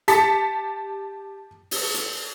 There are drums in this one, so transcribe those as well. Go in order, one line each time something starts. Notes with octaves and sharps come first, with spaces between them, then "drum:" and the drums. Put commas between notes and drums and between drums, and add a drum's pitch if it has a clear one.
G4 A5 A6 B6 C#7, drum: hi-hat
drum: open hi-hat
drum: hi-hat